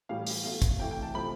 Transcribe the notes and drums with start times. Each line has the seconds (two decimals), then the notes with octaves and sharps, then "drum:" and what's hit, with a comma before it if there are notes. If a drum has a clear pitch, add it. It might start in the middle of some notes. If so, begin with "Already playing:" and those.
0.09 A2 E3 G3 F5
0.27 drum: open hi-hat
0.44 B2 A3
0.62 drum: kick, hi-hat
0.79 C3 E3 A3 G5
0.91 G5
1.03 A5
1.14 C3 F3 A3 B5